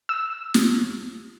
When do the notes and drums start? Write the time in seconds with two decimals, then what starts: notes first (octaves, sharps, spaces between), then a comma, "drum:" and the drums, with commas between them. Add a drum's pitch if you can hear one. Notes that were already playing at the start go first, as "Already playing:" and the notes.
0.09 E6
0.54 drum: snare